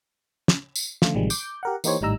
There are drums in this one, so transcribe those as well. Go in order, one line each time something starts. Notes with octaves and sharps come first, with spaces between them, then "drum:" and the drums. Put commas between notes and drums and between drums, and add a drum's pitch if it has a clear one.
drum: snare
drum: tambourine
D3 F3 A3 F4, drum: snare
A1 C3 D#3 F3 G3 G#3
D6 G6, drum: tambourine
G4 A#4 F#5
E3 A#3 D#4 G4 C5 C#5, drum: tambourine
G#1 A2 G3 D#4 A#5 E6